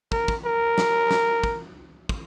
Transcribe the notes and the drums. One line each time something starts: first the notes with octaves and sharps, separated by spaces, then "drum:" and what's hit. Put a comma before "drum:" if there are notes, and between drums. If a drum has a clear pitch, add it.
A#4, drum: kick
drum: kick
A#4
drum: snare
drum: snare
drum: kick
drum: kick